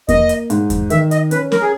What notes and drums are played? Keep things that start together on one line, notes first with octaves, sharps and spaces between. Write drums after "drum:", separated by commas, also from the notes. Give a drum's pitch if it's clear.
A#3 D#5, drum: kick E2, hi-hat
drum: hi-hat
G#2, drum: hi-hat
drum: kick E2, hi-hat
D#3 E5, drum: hi-hat
D#5, drum: hi-hat
C#4 B4, drum: hi-hat
A#4, drum: snare C#4
G#4